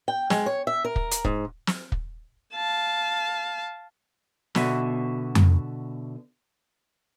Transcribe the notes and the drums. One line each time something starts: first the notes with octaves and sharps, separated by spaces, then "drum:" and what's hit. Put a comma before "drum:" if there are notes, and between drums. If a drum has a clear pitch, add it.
G5
G#3, drum: snare
C#5
E5
A#4
drum: kick
drum: hi-hat
G#2, drum: kick
drum: snare
drum: kick
F5 A5
B2 D3 B3 F#4 E5, drum: snare
drum: tom F2